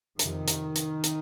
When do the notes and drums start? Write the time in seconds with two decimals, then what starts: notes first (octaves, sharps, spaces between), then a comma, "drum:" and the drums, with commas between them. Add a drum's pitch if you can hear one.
0.19 F2 C3 D#3, drum: hi-hat
0.48 drum: hi-hat
0.76 drum: hi-hat
1.04 drum: hi-hat